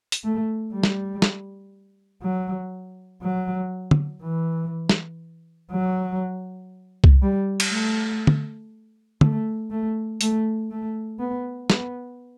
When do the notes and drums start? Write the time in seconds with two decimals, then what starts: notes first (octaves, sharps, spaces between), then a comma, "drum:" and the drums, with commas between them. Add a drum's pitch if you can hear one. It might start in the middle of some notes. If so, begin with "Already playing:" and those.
0.12 drum: hi-hat
0.24 A3
0.73 G3
0.83 drum: snare
1.22 drum: snare
2.22 F#3
3.22 F#3
3.91 drum: tom
4.22 E3
4.89 drum: snare
5.71 F#3
7.04 drum: kick C2
7.21 G3
7.60 drum: cymbal
7.70 A3
8.27 drum: tom
9.21 A3, drum: tom
9.70 A3
10.21 A3, drum: hi-hat
10.71 A3
11.20 B3
11.70 B3, drum: snare